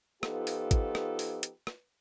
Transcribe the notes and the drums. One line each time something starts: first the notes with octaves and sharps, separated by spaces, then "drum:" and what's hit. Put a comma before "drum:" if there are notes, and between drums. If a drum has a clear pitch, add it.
F3 B3 D#4 F4 G4 A4, drum: rim click
drum: open hi-hat
drum: kick G#1, hi-hat
drum: rim click
drum: open hi-hat
drum: hi-hat
drum: rim click